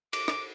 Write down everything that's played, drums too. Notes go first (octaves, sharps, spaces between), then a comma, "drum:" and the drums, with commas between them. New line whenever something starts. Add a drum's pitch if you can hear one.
D6, drum: cymbal
drum: rim click